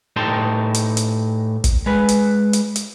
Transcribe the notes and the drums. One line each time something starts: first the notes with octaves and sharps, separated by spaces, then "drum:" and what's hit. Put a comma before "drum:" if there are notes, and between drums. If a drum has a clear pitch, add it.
A2 D#4 G4 A5 C6
drum: hi-hat
drum: hi-hat
drum: kick, hi-hat
G#3 B4
drum: hi-hat
drum: hi-hat
drum: hi-hat